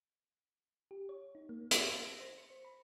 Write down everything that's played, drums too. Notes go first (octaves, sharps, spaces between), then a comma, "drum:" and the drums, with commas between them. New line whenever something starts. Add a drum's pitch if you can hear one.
G4
C#5
D#4
A#3
A5, drum: hi-hat
A6
A#6
C5
C#7
C5
B5